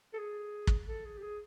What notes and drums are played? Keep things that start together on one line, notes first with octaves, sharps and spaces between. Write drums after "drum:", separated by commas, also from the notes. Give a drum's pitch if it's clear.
A4
G#4
drum: kick
A4
G#4
G4
G#4